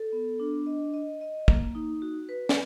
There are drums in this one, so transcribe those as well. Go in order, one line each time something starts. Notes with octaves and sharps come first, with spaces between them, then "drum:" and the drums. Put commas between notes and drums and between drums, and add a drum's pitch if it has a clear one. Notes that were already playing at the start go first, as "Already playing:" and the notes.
Already playing: A4
B3
D4
D#5
D#5
D#5
A#3, drum: kick
D#4
F#4
B4
drum: snare